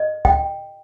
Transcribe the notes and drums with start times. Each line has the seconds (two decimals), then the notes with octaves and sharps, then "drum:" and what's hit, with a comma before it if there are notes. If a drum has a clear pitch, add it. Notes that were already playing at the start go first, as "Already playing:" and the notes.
Already playing: D#5
0.25 G5, drum: kick